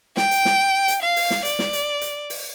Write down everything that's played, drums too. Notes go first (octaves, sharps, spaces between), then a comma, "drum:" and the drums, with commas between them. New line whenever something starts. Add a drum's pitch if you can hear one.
G5, drum: snare
drum: hi-hat
drum: snare
drum: hi-hat
F5
drum: open hi-hat
drum: snare
D5, drum: hi-hat
drum: snare
drum: hi-hat
drum: hi-hat
drum: open hi-hat